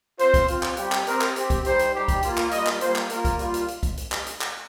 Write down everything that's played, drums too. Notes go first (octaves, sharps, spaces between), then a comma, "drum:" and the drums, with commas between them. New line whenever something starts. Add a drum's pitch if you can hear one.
C4 F4 C5, drum: hi-hat
drum: kick C2, hi-hat
C4 F4, drum: hi-hat
drum: clap
G3 C4 G4, drum: hi-hat
drum: clap
C4 G4 A#4, drum: hi-hat
drum: clap
C4 G4, drum: hi-hat
drum: kick C2, hi-hat
G3 D#4 G4 C5, drum: hi-hat
drum: hi-hat
G3 D#4 G4
drum: kick C2, hi-hat
A#3 F4, drum: hi-hat
drum: clap
G3 A#3 F4 D#5, drum: hi-hat
drum: clap
G3 A#3 F4 C5, drum: hi-hat
drum: clap
A#3 F4 A#4, drum: hi-hat
drum: kick C2, hi-hat
G3 A#3 F4, drum: hi-hat
drum: hi-hat
drum: hi-hat
drum: kick C2, hi-hat
drum: hi-hat
drum: clap
drum: hi-hat
drum: clap